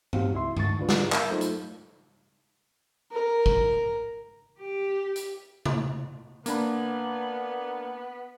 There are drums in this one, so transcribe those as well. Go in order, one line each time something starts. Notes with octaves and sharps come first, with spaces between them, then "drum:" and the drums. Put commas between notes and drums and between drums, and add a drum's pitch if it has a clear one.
C4 F#4 G4 F5, drum: tom G2
C#2 E4 E5 C6
C#2 G#2 D#3 C#6 A6, drum: tom G2
D3 D4 F4 B4
drum: snare
A#4 E5 F5 B5 E6 G6, drum: clap
F#3 A3 D#4 F4 A4 C5
drum: hi-hat
A#4
drum: kick
G4
drum: hi-hat
drum: tom C3
A#3 B3 D4 B5, drum: hi-hat